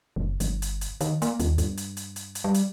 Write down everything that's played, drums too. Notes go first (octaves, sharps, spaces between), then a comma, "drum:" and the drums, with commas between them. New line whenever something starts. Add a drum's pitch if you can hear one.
F#1
G1, drum: hi-hat
drum: hi-hat
drum: hi-hat
D#3, drum: hi-hat
A#3, drum: hi-hat
D#2, drum: hi-hat
G2, drum: hi-hat
drum: hi-hat
drum: hi-hat
drum: hi-hat
drum: hi-hat
G3
drum: hi-hat